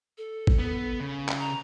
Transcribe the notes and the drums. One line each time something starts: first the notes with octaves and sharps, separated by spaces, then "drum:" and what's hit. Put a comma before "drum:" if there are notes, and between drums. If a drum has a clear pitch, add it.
A4
drum: kick G#1
B3
C#3
drum: clap
A#5